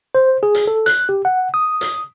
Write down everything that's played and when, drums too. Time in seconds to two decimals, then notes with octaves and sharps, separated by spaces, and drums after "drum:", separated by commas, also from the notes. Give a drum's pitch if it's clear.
0.15 C5
0.43 G#4
0.55 drum: hi-hat
0.67 A4
0.86 F#6, drum: hi-hat
1.09 G4
1.25 F#5
1.54 D#6
1.81 drum: hi-hat